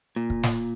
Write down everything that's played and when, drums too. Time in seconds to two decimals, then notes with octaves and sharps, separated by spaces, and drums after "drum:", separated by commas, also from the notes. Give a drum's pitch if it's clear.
0.16 A#2
0.30 drum: kick
0.43 drum: snare